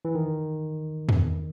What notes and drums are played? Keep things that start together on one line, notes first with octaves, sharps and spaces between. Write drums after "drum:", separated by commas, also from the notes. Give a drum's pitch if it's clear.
E3
D#3
drum: tom E2